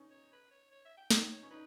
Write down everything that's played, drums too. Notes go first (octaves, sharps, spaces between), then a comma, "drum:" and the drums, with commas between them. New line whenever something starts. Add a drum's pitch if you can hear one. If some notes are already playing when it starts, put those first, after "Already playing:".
Already playing: C#4 D#4
C#5
B4
C#5
C#5
E5
G5
D#4 G5, drum: snare
C#5
C#4
D#4 B4